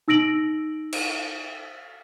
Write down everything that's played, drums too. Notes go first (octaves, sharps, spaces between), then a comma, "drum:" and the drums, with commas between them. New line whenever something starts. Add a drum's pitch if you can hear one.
D#4 E6 A#6 D7 F#7
drum: cymbal